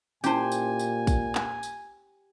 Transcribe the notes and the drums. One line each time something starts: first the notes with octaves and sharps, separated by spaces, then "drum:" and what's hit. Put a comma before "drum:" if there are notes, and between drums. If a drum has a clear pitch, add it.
A#2 C#4 E4 G4 C5 G#5 A5, drum: tambourine
drum: tambourine
drum: tambourine
drum: kick, tambourine
drum: clap
drum: tambourine